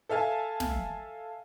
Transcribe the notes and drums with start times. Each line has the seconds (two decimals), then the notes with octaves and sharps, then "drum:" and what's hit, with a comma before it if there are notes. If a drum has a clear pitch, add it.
0.09 A4 E5 F5 G#5 A5
0.60 drum: snare